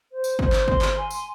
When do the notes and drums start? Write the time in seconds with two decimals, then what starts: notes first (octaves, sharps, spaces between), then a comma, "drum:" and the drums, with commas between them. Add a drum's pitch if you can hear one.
0.09 C5
0.24 drum: tambourine
0.39 C5, drum: kick
0.53 drum: clap
0.68 C6, drum: kick
0.82 drum: clap
0.96 G#5
1.11 drum: tambourine